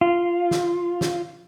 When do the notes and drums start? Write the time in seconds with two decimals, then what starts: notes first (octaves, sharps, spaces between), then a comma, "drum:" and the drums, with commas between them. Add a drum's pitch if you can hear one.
0.01 F4
0.51 drum: snare
1.01 drum: snare